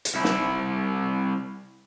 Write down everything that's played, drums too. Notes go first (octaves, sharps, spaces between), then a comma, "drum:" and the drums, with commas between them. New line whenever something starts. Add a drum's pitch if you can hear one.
drum: hi-hat
C2 E4
drum: snare